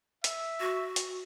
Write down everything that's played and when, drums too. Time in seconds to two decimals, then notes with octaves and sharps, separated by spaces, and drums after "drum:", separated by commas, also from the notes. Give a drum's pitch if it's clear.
0.24 E5, drum: hi-hat
0.60 F#4
0.96 drum: hi-hat